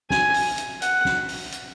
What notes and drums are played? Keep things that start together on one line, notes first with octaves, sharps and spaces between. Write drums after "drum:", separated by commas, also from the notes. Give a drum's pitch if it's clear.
G#5, drum: snare
drum: open hi-hat
drum: hi-hat
F#5, drum: hi-hat
drum: snare
drum: open hi-hat
drum: hi-hat